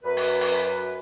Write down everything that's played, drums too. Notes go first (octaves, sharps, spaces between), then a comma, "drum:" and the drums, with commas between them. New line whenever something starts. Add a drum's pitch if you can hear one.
F#2 B4
drum: open hi-hat
drum: open hi-hat